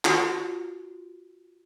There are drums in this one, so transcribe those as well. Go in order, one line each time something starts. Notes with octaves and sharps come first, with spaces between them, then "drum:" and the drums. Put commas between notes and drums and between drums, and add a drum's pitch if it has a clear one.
F4 F#4, drum: clap